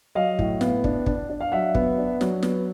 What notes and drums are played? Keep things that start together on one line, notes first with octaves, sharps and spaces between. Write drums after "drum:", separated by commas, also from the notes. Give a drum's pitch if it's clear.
F#3 D#5 F5
A2, drum: kick
B3, drum: snare
D4, drum: kick
D4, drum: kick
D4
F5
F#3 E5 F#5
B3, drum: kick
D4
F#3, drum: snare
B3, drum: snare